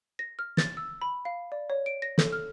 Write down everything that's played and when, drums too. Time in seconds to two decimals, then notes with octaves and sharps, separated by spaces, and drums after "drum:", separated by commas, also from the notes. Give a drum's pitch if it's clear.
0.19 A#6
0.39 F6
0.57 A6, drum: snare
0.77 E6
1.02 B5
1.25 F5
1.52 D5
1.70 C#5
1.86 D7
2.02 A#6
2.18 A4, drum: snare
2.32 F6